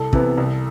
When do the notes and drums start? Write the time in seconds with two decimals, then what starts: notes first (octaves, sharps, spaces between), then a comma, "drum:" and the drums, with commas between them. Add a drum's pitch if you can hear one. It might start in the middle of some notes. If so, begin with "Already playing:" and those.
Already playing: C2 A4
0.13 C3 E3 B3, drum: kick
0.38 C2